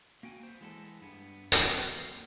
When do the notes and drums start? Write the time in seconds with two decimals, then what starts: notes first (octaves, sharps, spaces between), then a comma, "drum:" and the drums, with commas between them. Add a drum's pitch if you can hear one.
0.23 A#3 F#4 G5 G#5
0.43 B3 C5
0.61 E3 G#3 B3 A4
1.01 G2 B3
1.52 F#3 B3 C4 F#4 G4, drum: tambourine
1.92 A#3 F5